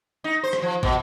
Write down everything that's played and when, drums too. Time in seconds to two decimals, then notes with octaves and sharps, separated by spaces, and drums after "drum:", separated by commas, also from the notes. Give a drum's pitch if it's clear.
0.24 D#4
0.43 C5
0.53 drum: rim click
0.62 F3
0.83 B2, drum: kick